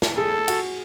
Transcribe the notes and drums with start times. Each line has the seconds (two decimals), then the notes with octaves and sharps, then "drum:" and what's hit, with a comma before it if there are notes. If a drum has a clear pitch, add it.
0.02 drum: snare
0.17 G#4 A4
0.48 F#4, drum: cymbal